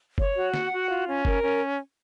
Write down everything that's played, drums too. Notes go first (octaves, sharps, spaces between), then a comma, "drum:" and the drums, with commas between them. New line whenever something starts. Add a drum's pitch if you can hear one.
C#5, drum: kick F#1
F#4
F#5, drum: snare
F#4
F4
C#4
A#4, drum: kick F#1
C#4